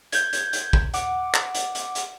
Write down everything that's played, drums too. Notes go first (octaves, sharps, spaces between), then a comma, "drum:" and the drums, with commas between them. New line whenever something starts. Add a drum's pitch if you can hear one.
G6 G#6, drum: hi-hat
drum: hi-hat
drum: hi-hat
drum: kick
F#5 D6, drum: hi-hat
drum: clap
drum: hi-hat
drum: hi-hat
drum: hi-hat